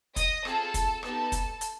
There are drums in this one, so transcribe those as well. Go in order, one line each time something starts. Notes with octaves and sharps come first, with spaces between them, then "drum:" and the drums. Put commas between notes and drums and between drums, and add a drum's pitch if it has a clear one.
D#5 D#6, drum: kick, hi-hat
C4 F4 G#4 A4 A5, drum: rim click
drum: kick, hi-hat
B3 D#4 G4 A4 A5, drum: rim click
drum: kick, hi-hat
drum: hi-hat